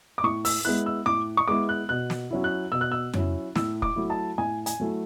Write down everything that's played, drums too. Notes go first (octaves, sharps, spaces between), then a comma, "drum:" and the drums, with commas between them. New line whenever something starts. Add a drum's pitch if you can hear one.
D6
A2 C#6
E6, drum: open hi-hat
G#3 B3 E4 F#6
E6
A2 D6
C#6
G#3 B3 E4 D6
F#6
B2 F#6
drum: snare
F#3 C#4 E4
F#6
B2 E6
F#6
E6
F#3 C#4 E4, drum: tom F2
A2 E6, drum: snare
D6, drum: kick F1
F#3 A3 E4
A5
A2 G#5
G#5, drum: hi-hat
F#3 A3 E4